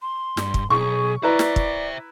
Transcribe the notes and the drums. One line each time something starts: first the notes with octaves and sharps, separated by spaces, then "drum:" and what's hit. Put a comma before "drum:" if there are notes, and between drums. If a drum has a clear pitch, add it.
C6
G2, drum: snare
drum: kick
B1 G#4 C#6
E4 B4 C5 D5 E5 A#5
drum: snare
drum: kick